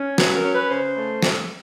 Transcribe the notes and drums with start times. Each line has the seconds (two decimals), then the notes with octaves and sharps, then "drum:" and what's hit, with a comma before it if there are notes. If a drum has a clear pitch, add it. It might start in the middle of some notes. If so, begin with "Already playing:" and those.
Already playing: C#4
0.18 F#3 B4, drum: snare
0.36 A#4
0.45 C#4
0.53 B4
0.70 C#3 C5
0.97 A3
1.23 drum: snare